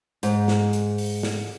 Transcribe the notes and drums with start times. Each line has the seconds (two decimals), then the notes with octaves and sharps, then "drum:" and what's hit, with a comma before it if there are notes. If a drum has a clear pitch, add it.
0.23 G#2, drum: hi-hat
0.48 drum: snare
0.73 drum: hi-hat
0.98 drum: open hi-hat
1.23 drum: snare